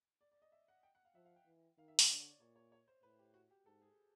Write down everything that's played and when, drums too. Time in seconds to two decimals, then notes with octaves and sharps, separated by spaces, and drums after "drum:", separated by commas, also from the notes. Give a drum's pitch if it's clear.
0.21 D5
0.32 D5
0.42 D#5
0.52 E5
0.68 F#5
0.83 G5
0.95 F#5
1.05 F5
1.15 F3 E5
1.25 F5
1.36 G5
1.46 E3
1.78 D#3 F5
1.88 E5
1.99 D#5, drum: open hi-hat
2.08 D3 D5
2.20 C#5
2.30 D5
2.40 A#2 C#5
2.56 C#5
2.72 C#5
2.88 C5
3.03 A2 B4
3.19 G4
3.34 F#4
3.51 G4
3.66 G#2 A4
3.82 G#4